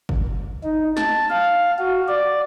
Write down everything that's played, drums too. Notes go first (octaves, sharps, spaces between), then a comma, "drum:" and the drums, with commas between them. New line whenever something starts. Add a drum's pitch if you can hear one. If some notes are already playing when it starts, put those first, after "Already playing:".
drum: kick G1
D#4
A5, drum: snare
F5
F#4
D5